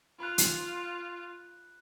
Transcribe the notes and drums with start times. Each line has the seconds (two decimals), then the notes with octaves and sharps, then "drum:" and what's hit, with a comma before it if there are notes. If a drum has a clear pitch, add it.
0.20 F4 B5 F#6
0.38 drum: hi-hat